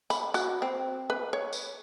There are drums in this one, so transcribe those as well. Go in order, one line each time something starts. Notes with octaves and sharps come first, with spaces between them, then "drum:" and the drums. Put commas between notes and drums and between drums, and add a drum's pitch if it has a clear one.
B5, drum: tambourine
F#4, drum: tambourine
C4
B4
C#5
drum: tambourine